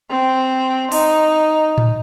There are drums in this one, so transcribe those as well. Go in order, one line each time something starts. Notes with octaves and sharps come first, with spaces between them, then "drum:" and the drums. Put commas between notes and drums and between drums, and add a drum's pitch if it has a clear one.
C4
D#4, drum: open hi-hat
drum: tom A2